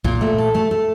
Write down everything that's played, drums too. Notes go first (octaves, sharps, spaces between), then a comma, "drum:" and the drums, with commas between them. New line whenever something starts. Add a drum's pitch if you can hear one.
A#2, drum: kick
A3
A4
A3
A3